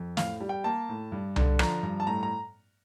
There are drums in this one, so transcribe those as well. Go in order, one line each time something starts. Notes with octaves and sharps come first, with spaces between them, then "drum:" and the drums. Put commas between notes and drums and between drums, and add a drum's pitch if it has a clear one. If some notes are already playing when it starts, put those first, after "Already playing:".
Already playing: F2
A2 F5, drum: snare
G3
G5
A#3 A5
A2
G2
D3, drum: tom C2
F3 A#5, drum: rim click
G2
A5
A2 A#5
A#5